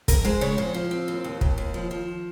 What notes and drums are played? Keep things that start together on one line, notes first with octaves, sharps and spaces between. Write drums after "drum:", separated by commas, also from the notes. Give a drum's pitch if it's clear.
F2 A#4, drum: kick, hi-hat
G#3 C5
C#3 C#5
F2 C5
F3
C4
D#2
D#2
D#2, drum: kick
D#2
F3
F3